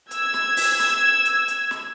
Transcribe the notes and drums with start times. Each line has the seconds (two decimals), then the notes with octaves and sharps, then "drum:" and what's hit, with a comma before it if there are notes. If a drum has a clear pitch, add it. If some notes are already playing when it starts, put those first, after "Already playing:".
0.11 E6 G#6, drum: hi-hat
0.34 drum: snare
0.57 drum: open hi-hat
0.79 drum: snare
1.25 drum: hi-hat
1.48 drum: hi-hat
1.71 drum: snare